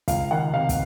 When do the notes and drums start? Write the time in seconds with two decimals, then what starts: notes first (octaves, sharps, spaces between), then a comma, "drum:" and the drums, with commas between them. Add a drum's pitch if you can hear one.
0.08 C#2 F5, drum: kick, hi-hat
0.31 D#3 F#5
0.54 C3 F5
0.69 drum: kick, hi-hat